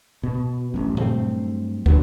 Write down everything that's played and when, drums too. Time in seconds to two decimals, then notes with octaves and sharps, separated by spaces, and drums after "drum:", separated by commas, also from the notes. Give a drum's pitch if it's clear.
0.23 B2
0.74 A1 F#2
0.97 G2 F#3 A3 C4, drum: tom A#2
1.86 E2 D3 F#3 B3, drum: kick